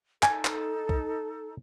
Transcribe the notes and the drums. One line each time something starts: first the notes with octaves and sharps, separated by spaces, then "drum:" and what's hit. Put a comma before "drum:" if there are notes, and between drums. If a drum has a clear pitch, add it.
D#4 A4 G#5, drum: clap
drum: clap
drum: kick